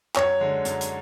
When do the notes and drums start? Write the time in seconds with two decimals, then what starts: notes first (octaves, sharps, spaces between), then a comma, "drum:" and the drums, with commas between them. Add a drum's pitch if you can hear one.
0.16 F#2 C#5 C#6, drum: clap
0.40 D3 G#3
0.65 F#2, drum: hi-hat
0.81 drum: hi-hat